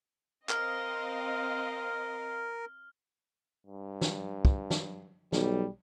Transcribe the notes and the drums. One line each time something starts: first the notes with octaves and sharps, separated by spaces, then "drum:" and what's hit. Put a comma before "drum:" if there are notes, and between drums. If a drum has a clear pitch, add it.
C4 A#4 D#5 F5 F6, drum: clap
G2
drum: snare
drum: kick
drum: snare
B1 G3, drum: snare